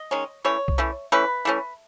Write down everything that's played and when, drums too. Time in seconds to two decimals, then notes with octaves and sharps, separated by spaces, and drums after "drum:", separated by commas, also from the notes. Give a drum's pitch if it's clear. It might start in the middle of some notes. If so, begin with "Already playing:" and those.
Already playing: D#5
0.11 D#3 G#3 C#4
0.44 E3 A3 C#4 C#5
0.68 drum: kick B1
0.78 E3 A3 C#4
1.12 E3 A3 C#4 B4
1.45 E3 A3 C#4